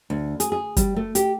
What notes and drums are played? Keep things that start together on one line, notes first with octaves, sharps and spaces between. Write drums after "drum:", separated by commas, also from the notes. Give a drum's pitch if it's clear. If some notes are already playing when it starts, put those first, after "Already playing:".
D2
G#4, drum: hi-hat
G#4
G3, drum: kick, hi-hat
A3
G4, drum: hi-hat